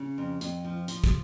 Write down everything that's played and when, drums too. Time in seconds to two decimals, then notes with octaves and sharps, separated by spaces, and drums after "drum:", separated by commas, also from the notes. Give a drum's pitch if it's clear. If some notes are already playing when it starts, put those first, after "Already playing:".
Already playing: C#3
0.18 F2
0.41 F2, drum: hi-hat
0.64 F3
0.88 F3, drum: hi-hat
1.04 drum: kick, hi-hat